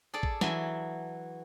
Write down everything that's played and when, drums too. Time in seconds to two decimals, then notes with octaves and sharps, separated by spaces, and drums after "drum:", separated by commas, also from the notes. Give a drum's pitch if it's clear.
0.14 G#4 A4 D5
0.23 drum: kick A1
0.41 E3 F#3 E5 G#5, drum: snare